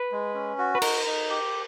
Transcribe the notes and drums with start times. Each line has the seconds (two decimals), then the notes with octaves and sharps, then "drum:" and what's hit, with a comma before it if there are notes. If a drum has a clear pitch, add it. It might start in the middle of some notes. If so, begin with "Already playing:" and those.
Already playing: B4
0.12 G#3
0.34 C#4
0.58 F#4
0.75 B4
0.82 D#4 A#4, drum: cymbal
1.06 D#4
1.30 G4